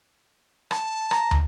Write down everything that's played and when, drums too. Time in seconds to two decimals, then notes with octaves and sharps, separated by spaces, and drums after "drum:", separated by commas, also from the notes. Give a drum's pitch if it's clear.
0.71 A5, drum: rim click
1.11 A#5, drum: rim click
1.31 drum: tom